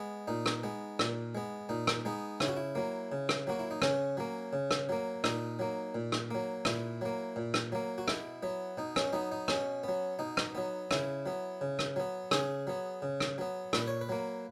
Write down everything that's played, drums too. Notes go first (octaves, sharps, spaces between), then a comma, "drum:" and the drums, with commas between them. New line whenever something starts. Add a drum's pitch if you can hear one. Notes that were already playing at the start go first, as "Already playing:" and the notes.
Already playing: G#3 B3
A#2 D#4
drum: rim click
G#3 B3
A#2, drum: rim click
G#3 B3
A#2 D#4
drum: rim click
G#3 B3 D#4
C#3 E4, drum: rim click
F#4
E4
F#3 A#3
C#3
drum: rim click
F#3 A#3 F#4
E4
D#4
C#3 C#4, drum: rim click
F#3 A#3
C#3
drum: rim click
F#3 A#3
A#2 D#4, drum: rim click
F#3 A#3
A#2
drum: rim click
F#3 A#3
A#2 E4, drum: rim click
F#3 A#3
A#2
drum: rim click
F#3 A#3
F#4
B2 E4, drum: rim click
F#3 B3
B2 D#4
C#4, drum: rim click
F#3 B3 D#4
D#4
B2 C#4, drum: rim click
F#3 B3
B2 D#4
drum: rim click
F#3 B3
C#3 E4, drum: rim click
F#3 B3
C#3
drum: rim click
F#3 B3
C#3 G#4, drum: rim click
F#3 B3
C#3
drum: rim click
F#3 B3
A#2 B4, drum: rim click
C#5
B4
F#3 A#3